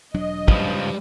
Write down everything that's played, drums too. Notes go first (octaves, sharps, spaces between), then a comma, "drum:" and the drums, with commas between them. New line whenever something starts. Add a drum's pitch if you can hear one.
E1 F#3 D4 D#5
C#2 F3 G3 B4, drum: kick